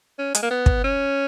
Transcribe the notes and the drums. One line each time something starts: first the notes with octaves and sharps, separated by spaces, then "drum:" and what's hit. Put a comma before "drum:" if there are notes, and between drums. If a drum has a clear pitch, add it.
C#4
G#3, drum: hi-hat
A#3
B3
drum: kick
C#4